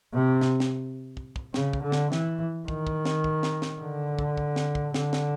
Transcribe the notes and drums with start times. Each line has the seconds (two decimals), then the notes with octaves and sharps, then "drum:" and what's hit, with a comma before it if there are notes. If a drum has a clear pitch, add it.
0.14 C3
0.41 drum: snare
0.60 drum: snare
1.17 drum: kick
1.36 drum: kick
1.54 C#3, drum: snare
1.73 drum: kick
1.83 D3
1.92 drum: snare
2.12 E3, drum: snare
2.68 D#3, drum: kick
2.87 drum: kick
3.05 drum: snare
3.24 drum: kick
3.43 drum: snare
3.62 drum: snare
3.81 D3
4.19 drum: kick
4.37 drum: kick
4.56 drum: snare
4.75 drum: kick
4.94 D3, drum: snare
5.13 drum: snare